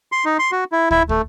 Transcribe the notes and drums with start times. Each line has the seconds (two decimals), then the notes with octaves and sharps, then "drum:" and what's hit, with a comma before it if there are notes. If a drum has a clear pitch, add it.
0.12 C6
0.25 D#4
0.39 C6
0.52 F#4
0.72 E4
0.91 E4, drum: kick
1.09 A3, drum: kick